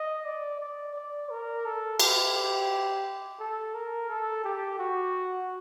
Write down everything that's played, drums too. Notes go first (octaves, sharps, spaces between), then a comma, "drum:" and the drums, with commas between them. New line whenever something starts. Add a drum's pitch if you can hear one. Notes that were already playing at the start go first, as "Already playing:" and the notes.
Already playing: D#5
D5
D5
D5
A#4
A4
G4, drum: cymbal
G4
A4
A#4
A4
G4
F#4